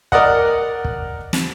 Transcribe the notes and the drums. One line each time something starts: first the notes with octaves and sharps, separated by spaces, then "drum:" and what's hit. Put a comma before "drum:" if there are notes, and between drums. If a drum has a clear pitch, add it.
A#4 D5 D#5 F#5, drum: kick
drum: kick
drum: snare